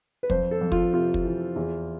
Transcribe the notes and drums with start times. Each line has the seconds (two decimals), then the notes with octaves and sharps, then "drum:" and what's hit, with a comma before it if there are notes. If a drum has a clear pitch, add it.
0.23 B4
0.30 F2 C5, drum: kick
0.51 A4
0.61 F2
0.72 F4, drum: kick
0.93 C3 F4
1.14 drum: kick
1.25 E3
1.56 E2